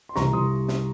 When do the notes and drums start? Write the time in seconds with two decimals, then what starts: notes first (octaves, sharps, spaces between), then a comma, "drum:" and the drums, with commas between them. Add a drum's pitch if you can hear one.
0.09 C6
0.16 C2 A#5 C#6, drum: snare
0.33 C2 C6 D#6
0.68 drum: snare